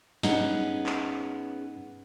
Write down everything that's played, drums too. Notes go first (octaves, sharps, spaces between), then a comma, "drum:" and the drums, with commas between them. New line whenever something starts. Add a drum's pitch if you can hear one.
G2 B3 C#4 D#4 G#4 F#5, drum: snare
drum: clap